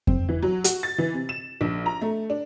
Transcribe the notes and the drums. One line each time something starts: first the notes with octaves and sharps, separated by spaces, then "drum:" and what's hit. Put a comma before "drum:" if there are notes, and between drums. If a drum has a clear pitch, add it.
C4, drum: kick F2
E3
F#3
F#4, drum: hi-hat
A6
E3
C3
E7
A#1
A#5
A3
D4